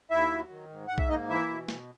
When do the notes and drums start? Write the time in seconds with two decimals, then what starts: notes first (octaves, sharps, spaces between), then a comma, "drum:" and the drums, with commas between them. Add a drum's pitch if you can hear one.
0.11 D#2 E4 E5
0.31 F#3
0.50 D#3
0.70 G#2
0.87 G#2 F#5
0.98 E5, drum: kick B1
1.09 A#3 D#4 D#5
1.29 E3 E4 E5
1.48 B2
1.68 B2, drum: snare